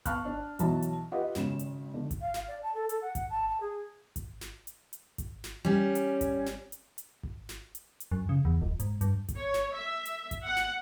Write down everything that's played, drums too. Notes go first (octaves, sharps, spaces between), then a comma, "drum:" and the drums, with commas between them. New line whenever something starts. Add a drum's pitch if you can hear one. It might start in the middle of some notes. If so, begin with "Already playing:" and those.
F5 A5 C#6 F6 F#6, drum: kick G#1, hi-hat
D4
B1 E3 F#3 E5 A5, drum: hi-hat
drum: hi-hat
F4 G4 B4 D#5 F5 F#5
G#1 C#3 E7, drum: snare
drum: hi-hat
D3
drum: kick G#1, hi-hat
F5
F5, drum: snare
D5
A5
A4
A4, drum: hi-hat
F#5
F#5, drum: kick G#1, hi-hat
A5
A5
G#4
drum: kick G#1, hi-hat
drum: snare
drum: hi-hat
drum: hi-hat
drum: kick G#1, hi-hat
drum: snare
G3 C#4
drum: hi-hat
drum: kick G#1, hi-hat
drum: snare
drum: hi-hat
drum: hi-hat
drum: kick G#1
drum: snare
drum: hi-hat
drum: hi-hat
F#2
C#3
E2
D#1
G#2, drum: hi-hat
G2, drum: hi-hat
drum: kick G#1, hi-hat
C#5
drum: snare
E5
drum: hi-hat
drum: kick G#1, hi-hat
F#5
drum: snare